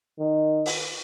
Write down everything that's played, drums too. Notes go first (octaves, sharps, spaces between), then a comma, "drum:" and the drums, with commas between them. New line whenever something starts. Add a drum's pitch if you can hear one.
D#3
drum: open hi-hat